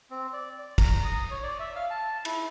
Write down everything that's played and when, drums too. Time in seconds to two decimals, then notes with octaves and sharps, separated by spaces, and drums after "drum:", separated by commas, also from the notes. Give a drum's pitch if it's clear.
0.10 C4
0.33 D5
0.59 D5
0.78 A#5, drum: kick, cymbal
1.05 D#6
1.31 C#5
1.43 D5
1.60 E5
1.76 F5
1.90 A5
2.25 E4, drum: cymbal